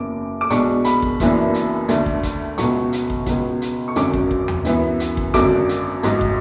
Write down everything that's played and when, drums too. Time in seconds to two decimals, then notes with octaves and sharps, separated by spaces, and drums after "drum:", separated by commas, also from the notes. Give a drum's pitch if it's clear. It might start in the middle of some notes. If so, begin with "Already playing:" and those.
Already playing: F#1 E2 C#3 D6
0.41 D6
0.50 B1 B2 G#3 D4 C#6, drum: hi-hat
0.84 B5, drum: hi-hat
1.02 drum: kick
1.20 F#1 F#2 E3 B3 D4, drum: kick, hi-hat
1.54 drum: hi-hat
1.88 D2 D3 A3 D4, drum: hi-hat
2.06 drum: kick
2.23 drum: kick, hi-hat
2.58 C#2 B2 F#3 A3 C#6, drum: hi-hat
2.92 drum: hi-hat
3.10 drum: kick
3.26 C#2 B2 F#3, drum: kick, hi-hat
3.62 drum: hi-hat
3.88 C#6
3.96 G#1 F#2 D3 F#3 C#4 D6, drum: hi-hat
4.13 drum: kick
4.31 drum: kick
4.48 drum: tom D#2
4.65 F#2 E3 B3, drum: hi-hat
5.00 drum: hi-hat
5.17 drum: kick
5.34 G#1 F#2 D3 F#3 D6, drum: kick, hi-hat
5.69 drum: hi-hat
6.03 A1 G#2 F#3, drum: hi-hat
6.21 drum: kick